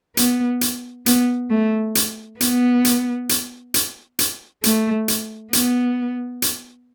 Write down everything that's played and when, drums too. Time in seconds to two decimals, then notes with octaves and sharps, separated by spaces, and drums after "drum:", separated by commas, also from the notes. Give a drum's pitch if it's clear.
0.17 B3, drum: hi-hat
0.61 drum: hi-hat
1.06 B3, drum: hi-hat
1.50 A3
1.95 drum: hi-hat
2.41 B3, drum: hi-hat
2.85 drum: hi-hat
3.29 drum: hi-hat
3.74 drum: hi-hat
4.19 drum: hi-hat
4.64 A3, drum: hi-hat
5.08 drum: hi-hat
5.53 B3, drum: hi-hat
6.42 drum: hi-hat